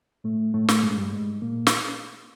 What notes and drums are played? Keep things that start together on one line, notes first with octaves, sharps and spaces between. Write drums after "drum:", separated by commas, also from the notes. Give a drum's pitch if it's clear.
A2 A3
A2 A3
A2 A3, drum: snare
G#2 G#3
G2 G3
G#2 G#3
A#2 A#3
drum: snare